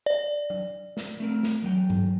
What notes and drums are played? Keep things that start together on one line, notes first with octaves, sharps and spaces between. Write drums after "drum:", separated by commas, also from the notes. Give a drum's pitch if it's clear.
D5
drum: tom F#3
drum: snare
A3 C4 A#4
drum: snare
E2 F#3 G5
drum: tom G2